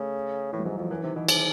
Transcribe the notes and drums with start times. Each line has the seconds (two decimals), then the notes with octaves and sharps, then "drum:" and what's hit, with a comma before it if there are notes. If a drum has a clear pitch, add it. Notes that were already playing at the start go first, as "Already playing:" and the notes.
Already playing: C#3 A3
0.53 A2 E3
0.59 G3
0.65 G#2 F#3
0.78 F2 F3
0.90 F#2 E3
1.03 C3 D#3
1.16 B2 E3
1.29 C3, drum: cymbal